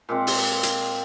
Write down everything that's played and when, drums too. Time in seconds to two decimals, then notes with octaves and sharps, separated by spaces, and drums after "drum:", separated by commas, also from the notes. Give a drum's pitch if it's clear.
0.09 A#2 G#3 C4
0.27 drum: open hi-hat
0.63 drum: hi-hat